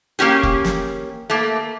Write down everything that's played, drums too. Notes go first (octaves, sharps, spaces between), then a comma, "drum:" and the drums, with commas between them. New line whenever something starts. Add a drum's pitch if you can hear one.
A#3 C#4 G4 G#4
drum: kick F1
drum: snare
A3 A#3